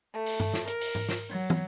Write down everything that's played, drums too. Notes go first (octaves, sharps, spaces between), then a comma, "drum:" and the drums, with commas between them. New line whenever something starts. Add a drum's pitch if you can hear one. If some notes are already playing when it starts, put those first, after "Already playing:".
A3
drum: open hi-hat
drum: tom G2
drum: snare
A#4, drum: hi-hat
drum: open hi-hat
drum: tom G#2
drum: snare
F#3
drum: tom